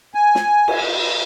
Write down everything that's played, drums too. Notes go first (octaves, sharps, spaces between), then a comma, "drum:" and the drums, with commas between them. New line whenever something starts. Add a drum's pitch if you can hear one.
G#5
drum: snare
drum: cymbal